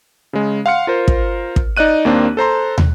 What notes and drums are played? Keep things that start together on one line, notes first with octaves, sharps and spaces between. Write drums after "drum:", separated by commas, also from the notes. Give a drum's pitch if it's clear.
C#3 G#3
F5 F#5 C6 F6 C#7
F4 A#4 C5
drum: kick
drum: kick
D#4 D5 D#5 F#6 D#7
D#2 A#3 C4 D4
A4 C5 A#5 C6
drum: tom